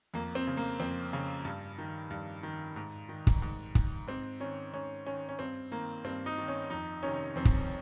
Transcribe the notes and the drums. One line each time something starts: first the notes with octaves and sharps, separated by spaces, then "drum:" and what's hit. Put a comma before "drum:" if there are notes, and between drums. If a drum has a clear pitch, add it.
F2 A#3
C4
C#3
A#3
F2 C4
C#3
G2
D#3
G2
D#3
G#2
D#3
drum: kick
G#2
D#3, drum: kick
G#2 C4
D#3 C#4
G#2 C#4
D#3 C#4
C#4
G2 C4
D#3 A#3
G2 C4
D#4
D#3
C#4
F2 D#4
C3 D#3 C#4
F2 C4
drum: kick